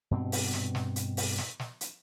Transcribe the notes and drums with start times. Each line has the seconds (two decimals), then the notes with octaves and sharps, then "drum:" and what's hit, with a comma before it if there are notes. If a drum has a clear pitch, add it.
0.11 G2 B2 C4
0.32 drum: open hi-hat
0.53 drum: snare
0.75 drum: snare
0.96 drum: hi-hat
1.17 drum: open hi-hat
1.38 drum: snare
1.59 drum: snare
1.81 drum: hi-hat